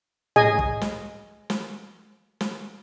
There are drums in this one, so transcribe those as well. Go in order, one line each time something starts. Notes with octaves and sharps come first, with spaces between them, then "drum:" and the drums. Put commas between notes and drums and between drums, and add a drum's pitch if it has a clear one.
G#4 D#5 G#5, drum: tom
drum: kick
drum: snare
drum: snare
drum: snare